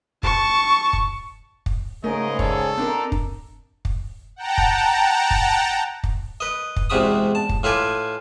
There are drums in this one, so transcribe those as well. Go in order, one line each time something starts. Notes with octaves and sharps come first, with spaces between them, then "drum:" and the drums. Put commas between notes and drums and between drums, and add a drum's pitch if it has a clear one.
A5 C#6, drum: kick
drum: kick
drum: kick
G#2 C#3 A3 G#4 A#4 D#5
A4 C#5 D5, drum: kick
C4 D4 D#4 A#4
drum: kick
drum: kick
F#5 G5 A5 A#5
drum: kick
drum: kick
drum: kick
B4 D#5
drum: kick
E2 G#2 C3 F#4 B5 D#6
A5
drum: kick
A2 F4 A4 B4 G#5 D6